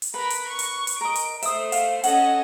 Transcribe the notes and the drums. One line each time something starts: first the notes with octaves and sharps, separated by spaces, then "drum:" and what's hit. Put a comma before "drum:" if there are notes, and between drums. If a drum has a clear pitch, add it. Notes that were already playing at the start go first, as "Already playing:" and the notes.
drum: hi-hat
A#4 B4 B5
drum: hi-hat
C#6
drum: hi-hat
drum: hi-hat
A#4 D#5 D7
drum: hi-hat
A3 C5 E5 D#6, drum: hi-hat
F5, drum: hi-hat
C#4 A4 D#5 F#5, drum: hi-hat